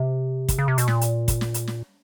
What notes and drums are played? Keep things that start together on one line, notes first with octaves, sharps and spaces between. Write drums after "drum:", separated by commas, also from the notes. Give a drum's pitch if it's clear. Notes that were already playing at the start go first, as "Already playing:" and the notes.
Already playing: C3
drum: kick, hi-hat
C#3
C3
B2, drum: hi-hat
A#2, drum: snare
drum: hi-hat
drum: kick, hi-hat
drum: snare
drum: hi-hat
drum: snare